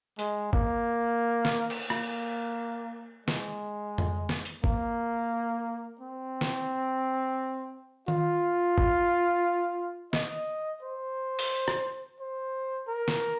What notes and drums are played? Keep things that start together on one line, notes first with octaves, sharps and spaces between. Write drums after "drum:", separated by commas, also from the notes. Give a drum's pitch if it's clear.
G#3, drum: hi-hat
A#3, drum: kick G#1
drum: snare
drum: cymbal
A#3, drum: rim click
G#3, drum: snare
drum: tom F2
drum: snare
drum: hi-hat
A#3, drum: kick G#1
C4
drum: snare
F4, drum: tom D#3
drum: kick G#1
D#5, drum: snare
C5
drum: open hi-hat
drum: rim click
C5
A#4
drum: snare